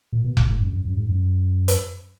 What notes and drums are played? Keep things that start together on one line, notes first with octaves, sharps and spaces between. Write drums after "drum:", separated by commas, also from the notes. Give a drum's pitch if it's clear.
A#2
B2
A#2, drum: kick F1
G#2
F#2
F#2
F#2
G#2
F#2
drum: hi-hat